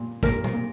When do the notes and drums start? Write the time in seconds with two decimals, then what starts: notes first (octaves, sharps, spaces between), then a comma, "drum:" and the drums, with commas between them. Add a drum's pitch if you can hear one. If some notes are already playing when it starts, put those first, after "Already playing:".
Already playing: A#2
0.23 A#2 A#4, drum: kick
0.44 drum: tom
0.54 A#2